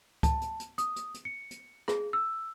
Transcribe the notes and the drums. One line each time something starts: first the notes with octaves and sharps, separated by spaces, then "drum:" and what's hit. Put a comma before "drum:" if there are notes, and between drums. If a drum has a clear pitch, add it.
A5, drum: kick C#2, hi-hat
drum: hi-hat
drum: hi-hat
D#6, drum: hi-hat
drum: hi-hat
drum: hi-hat
C#7
drum: hi-hat
G#4, drum: rim click
E6